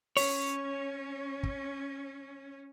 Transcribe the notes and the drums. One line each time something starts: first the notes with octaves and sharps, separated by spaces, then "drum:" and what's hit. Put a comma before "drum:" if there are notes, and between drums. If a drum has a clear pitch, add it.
C#4 C#5, drum: open hi-hat
drum: kick